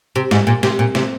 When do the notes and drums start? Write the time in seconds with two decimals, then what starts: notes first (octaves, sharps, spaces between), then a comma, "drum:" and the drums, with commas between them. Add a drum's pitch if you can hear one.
0.16 C3
0.31 G#2, drum: snare
0.47 A#2
0.63 C3, drum: snare
0.79 A#2
0.95 C3, drum: snare